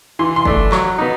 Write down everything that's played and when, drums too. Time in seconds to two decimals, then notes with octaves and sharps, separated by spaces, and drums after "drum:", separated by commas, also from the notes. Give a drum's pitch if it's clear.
0.19 E3 C6
0.36 C6
0.45 A3 D4, drum: kick
0.72 F#3 C#6, drum: clap
0.98 B3 D#4